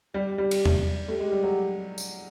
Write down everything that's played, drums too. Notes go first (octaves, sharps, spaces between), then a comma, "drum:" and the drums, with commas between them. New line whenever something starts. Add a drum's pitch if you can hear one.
G3 G4
G3
drum: cymbal
drum: tom E2
A3 G4
G#3
G3
F#3
drum: tambourine